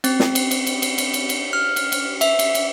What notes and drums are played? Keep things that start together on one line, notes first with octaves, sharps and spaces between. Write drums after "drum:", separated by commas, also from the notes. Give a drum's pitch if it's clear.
C4, drum: cymbal
drum: snare
drum: cymbal
drum: cymbal
drum: cymbal
drum: cymbal
drum: cymbal
drum: cymbal
drum: cymbal
F6
drum: cymbal
drum: cymbal
E5, drum: cymbal
drum: cymbal
drum: cymbal